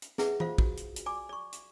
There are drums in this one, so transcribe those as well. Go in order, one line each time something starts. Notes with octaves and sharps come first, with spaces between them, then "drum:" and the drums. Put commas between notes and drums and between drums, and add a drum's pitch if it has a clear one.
drum: hi-hat
E4 G#4 B4 E5 F#5, drum: snare
F4 C5 F5, drum: tom
F#4, drum: kick
drum: hi-hat
drum: hi-hat
D5 G#5 D6
D5 C#6
drum: hi-hat